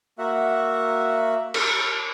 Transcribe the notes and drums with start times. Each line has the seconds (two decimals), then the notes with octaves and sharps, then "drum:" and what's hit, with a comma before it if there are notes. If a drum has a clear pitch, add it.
0.18 A#3 F#4 E5 F#5
1.54 F6, drum: cymbal